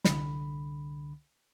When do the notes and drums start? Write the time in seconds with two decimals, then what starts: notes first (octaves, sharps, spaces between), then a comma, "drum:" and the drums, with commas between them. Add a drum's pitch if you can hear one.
0.04 C2 D3 B5, drum: snare